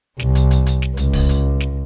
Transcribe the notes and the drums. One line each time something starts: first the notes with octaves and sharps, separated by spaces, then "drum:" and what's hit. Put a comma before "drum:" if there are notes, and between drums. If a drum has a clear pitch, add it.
C2, drum: snare
drum: hi-hat
drum: hi-hat
drum: hi-hat
drum: snare
C#2, drum: hi-hat
drum: kick, open hi-hat
drum: hi-hat
drum: snare